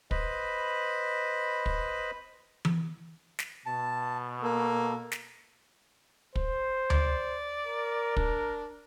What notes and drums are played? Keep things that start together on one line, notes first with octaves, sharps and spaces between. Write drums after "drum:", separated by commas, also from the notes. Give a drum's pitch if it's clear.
B4 C5 D#5 B5, drum: kick
drum: kick
drum: tom E3
drum: snare
B2 A5
A#3 A4
drum: snare
C5, drum: kick
D5, drum: tom D2
A#4
D4, drum: kick